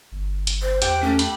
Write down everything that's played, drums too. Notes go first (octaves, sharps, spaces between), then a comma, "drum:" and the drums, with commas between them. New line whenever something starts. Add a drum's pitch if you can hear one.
G1
drum: hi-hat
C5
E2 G4 F#5 G5, drum: hi-hat
A3 C#4
B5, drum: hi-hat